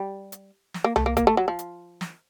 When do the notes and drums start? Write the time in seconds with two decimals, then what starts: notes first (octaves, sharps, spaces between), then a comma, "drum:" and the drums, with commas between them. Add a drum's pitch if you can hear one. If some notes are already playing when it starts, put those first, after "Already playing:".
Already playing: G3
0.32 drum: hi-hat
0.74 drum: snare
0.84 A#3
0.96 A3, drum: tom C2
1.06 A#3
1.17 A#3, drum: kick, hi-hat
1.27 A3
1.37 F#3
1.48 F3
1.59 drum: hi-hat
2.01 drum: snare